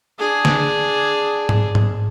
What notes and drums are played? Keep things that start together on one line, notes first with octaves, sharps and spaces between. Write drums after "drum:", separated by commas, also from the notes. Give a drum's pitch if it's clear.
D4 G#4
drum: snare
drum: tom G#2
drum: tom G#2